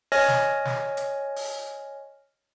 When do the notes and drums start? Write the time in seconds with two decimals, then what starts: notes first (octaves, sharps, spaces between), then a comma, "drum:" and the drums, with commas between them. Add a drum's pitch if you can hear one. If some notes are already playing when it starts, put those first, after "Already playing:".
0.12 C#5 D#5 G#5 F6 A#6, drum: open hi-hat
0.28 drum: snare
0.65 drum: snare
0.97 drum: hi-hat
1.36 drum: open hi-hat